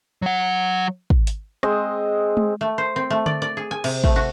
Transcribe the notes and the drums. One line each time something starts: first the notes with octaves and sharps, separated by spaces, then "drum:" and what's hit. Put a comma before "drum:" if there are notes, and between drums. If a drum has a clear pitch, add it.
F#3 F#5
drum: kick
drum: hi-hat
G#3 C4 C5 D#5, drum: rim click
drum: tom G#3
A3
C5
C4
A3
D5, drum: tom D3
D5
G#4
G#5
C3, drum: cymbal
A3, drum: kick
F#4